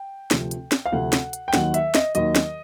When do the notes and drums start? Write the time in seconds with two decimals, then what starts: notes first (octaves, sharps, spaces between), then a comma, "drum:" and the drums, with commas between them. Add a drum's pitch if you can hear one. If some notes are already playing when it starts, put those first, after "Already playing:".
Already playing: G5
0.31 D2 C3 F3, drum: snare
0.51 drum: hi-hat
0.72 drum: snare
0.86 F5
0.92 D2 C3 F3 F#5
1.13 drum: snare
1.33 drum: hi-hat
1.48 G5
1.54 D#2 D#3 F#3 F#5, drum: snare
1.74 E5, drum: hi-hat
1.95 D#5, drum: snare
2.15 D#2 D#3 F#3 D#5, drum: hi-hat
2.36 drum: snare